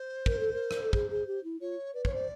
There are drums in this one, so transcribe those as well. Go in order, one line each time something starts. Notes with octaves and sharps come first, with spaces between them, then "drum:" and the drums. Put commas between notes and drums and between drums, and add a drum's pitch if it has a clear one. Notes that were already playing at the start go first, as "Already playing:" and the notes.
Already playing: C5
A#4, drum: kick
A4
A#4
drum: rim click
A4
G#4, drum: kick
G#4
G4
E4
F4 C#5
B4 D5
C#5, drum: kick
C5 D5